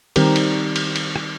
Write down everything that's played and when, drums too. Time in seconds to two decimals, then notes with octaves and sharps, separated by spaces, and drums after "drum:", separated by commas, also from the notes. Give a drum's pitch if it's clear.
0.16 D#3 G3 C4 G4 A#4, drum: cymbal
0.36 drum: cymbal
0.76 drum: cymbal
0.96 drum: cymbal
1.16 drum: rim click